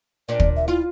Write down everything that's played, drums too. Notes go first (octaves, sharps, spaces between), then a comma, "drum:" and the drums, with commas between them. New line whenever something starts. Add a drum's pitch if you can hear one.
A#2 D4 D5
drum: kick
E5
E4 F4